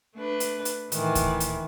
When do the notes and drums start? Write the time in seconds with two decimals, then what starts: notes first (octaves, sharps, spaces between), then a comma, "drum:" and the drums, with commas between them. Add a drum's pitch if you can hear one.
0.15 A3 D4 B4
0.40 drum: hi-hat
0.65 drum: hi-hat
0.92 A2 D#3 E3, drum: hi-hat
1.15 drum: kick D2, hi-hat
1.40 drum: hi-hat